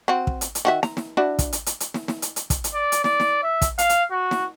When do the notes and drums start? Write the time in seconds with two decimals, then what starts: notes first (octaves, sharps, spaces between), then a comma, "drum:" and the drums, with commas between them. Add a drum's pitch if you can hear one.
0.08 C4 F#4
0.27 drum: kick
0.41 drum: hi-hat
0.55 drum: hi-hat
0.65 D#3 F#4 E5
0.83 A#5, drum: snare
0.97 drum: snare
1.17 D4 E4 F#4
1.39 drum: kick, hi-hat
1.53 drum: hi-hat
1.66 drum: hi-hat
1.80 drum: hi-hat
1.94 drum: snare
2.08 drum: snare
2.22 drum: hi-hat
2.36 drum: hi-hat
2.50 drum: kick, hi-hat
2.64 drum: hi-hat
2.74 D5
2.92 drum: hi-hat
3.04 D5, drum: snare
3.20 drum: snare
3.43 E5
3.62 drum: kick, hi-hat
3.78 F5, drum: hi-hat
3.89 drum: hi-hat
4.11 F#4
4.31 drum: snare